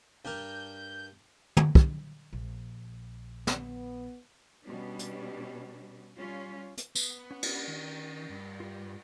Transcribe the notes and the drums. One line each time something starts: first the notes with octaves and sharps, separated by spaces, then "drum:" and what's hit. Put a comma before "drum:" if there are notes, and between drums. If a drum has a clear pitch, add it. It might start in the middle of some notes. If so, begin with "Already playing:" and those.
G2 D4 A#4 G6
drum: tom
drum: kick
A#1
B3, drum: snare
B2 G3 B3 C#4 D4
drum: hi-hat
G3 C#4 F4
drum: hi-hat
B3, drum: tambourine
C#4 F#5
drum: cymbal
D#3
G2
F4 G4